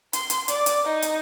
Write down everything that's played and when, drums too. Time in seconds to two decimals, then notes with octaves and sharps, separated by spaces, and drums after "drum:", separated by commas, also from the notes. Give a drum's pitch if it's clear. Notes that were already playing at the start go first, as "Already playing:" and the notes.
0.13 C6, drum: hi-hat
0.30 drum: hi-hat
0.48 D5, drum: hi-hat
0.66 drum: hi-hat
0.84 D#4
1.02 drum: hi-hat